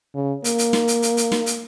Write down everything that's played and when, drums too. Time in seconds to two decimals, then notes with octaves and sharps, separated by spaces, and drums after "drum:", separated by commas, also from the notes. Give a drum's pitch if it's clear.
0.15 C#3
0.44 A#3, drum: hi-hat
0.58 drum: hi-hat
0.73 drum: snare
0.88 drum: hi-hat
1.02 drum: hi-hat
1.17 drum: hi-hat
1.32 drum: snare
1.46 drum: hi-hat